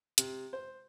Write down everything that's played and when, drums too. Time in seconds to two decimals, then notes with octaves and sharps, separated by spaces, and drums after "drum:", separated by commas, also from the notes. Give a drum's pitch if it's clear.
0.18 C3, drum: hi-hat
0.53 C5